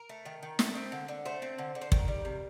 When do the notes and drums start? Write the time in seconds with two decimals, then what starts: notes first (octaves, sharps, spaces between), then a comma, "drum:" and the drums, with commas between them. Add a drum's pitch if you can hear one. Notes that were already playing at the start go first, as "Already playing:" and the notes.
Already playing: A#4
0.09 A3
0.25 D#3
0.43 D#3
0.59 A3, drum: snare
0.75 C4
0.92 D3
1.08 D3
1.25 A3 C5
1.42 C4
1.58 D3
1.75 D3
1.81 C5
1.92 D#3 A#4, drum: kick
2.08 G3
2.25 C3